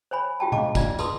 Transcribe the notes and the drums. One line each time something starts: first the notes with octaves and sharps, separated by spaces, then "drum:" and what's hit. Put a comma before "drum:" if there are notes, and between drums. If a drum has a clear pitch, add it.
C5 C#5 G#5 B5
F4 G4 G5 A5
G#4 D#5 F5 A5 D6, drum: tom B2
D4 F4 D5, drum: kick, tambourine
G#4 B4 A5 C6 D6 D#6, drum: tambourine